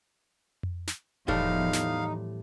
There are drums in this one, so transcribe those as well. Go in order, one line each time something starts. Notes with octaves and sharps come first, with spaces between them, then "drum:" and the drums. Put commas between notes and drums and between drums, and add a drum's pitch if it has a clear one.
drum: tom F2
drum: snare
E2 A2 F3 G3 A3 D#4 F5, drum: kick E1
drum: snare